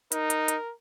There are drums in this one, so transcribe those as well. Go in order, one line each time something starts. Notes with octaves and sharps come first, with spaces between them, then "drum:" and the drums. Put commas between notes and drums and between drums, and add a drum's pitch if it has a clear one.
D#4 A#4, drum: hi-hat
drum: hi-hat
drum: hi-hat